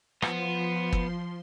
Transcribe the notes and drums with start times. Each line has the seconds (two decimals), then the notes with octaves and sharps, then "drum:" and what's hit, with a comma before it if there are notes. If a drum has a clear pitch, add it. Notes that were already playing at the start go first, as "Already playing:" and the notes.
0.22 F3 B3 C6, drum: rim click
0.93 drum: kick